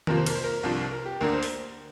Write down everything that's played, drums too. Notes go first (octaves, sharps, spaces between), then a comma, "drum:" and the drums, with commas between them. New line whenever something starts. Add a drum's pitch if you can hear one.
F2 C3 F3 A#3 A#4, drum: tom D#3
C5
A#4, drum: cymbal
C5
A#4
C2 C3 F3 D4
A#4
G4
D2 D3 A#3 D4 A#4
C5
drum: open hi-hat